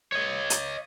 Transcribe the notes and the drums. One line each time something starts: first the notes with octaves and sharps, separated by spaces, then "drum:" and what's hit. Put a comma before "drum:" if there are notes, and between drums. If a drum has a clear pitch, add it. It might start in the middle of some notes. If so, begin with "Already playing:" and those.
C#5 D#5
drum: hi-hat